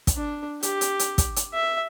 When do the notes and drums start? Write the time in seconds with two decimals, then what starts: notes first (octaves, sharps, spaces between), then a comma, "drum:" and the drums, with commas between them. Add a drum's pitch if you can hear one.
0.07 drum: kick, hi-hat
0.17 D4
0.63 G4, drum: hi-hat
0.81 drum: hi-hat
0.99 drum: hi-hat
1.18 drum: kick, hi-hat
1.36 drum: hi-hat
1.54 E5